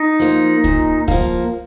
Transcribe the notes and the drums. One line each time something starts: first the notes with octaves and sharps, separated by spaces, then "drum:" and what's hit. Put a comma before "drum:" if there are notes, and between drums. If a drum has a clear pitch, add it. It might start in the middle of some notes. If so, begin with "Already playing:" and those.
Already playing: D#4
F3 A#3
A#2, drum: kick C#2
F3 A#3, drum: kick C#2